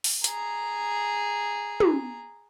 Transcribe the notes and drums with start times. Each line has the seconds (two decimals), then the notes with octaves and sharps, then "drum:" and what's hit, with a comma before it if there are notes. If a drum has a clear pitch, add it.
0.04 drum: open hi-hat
0.24 G#4 A#5, drum: hi-hat
1.80 drum: tom